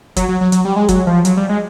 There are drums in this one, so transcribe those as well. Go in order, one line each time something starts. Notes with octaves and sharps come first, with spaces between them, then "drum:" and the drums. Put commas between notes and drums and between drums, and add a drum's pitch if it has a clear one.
F#3, drum: kick, hi-hat
F#3
F#3
F#3, drum: hi-hat
G3
G#3
F#3, drum: kick, hi-hat
F3
F#3, drum: hi-hat
G3
G#3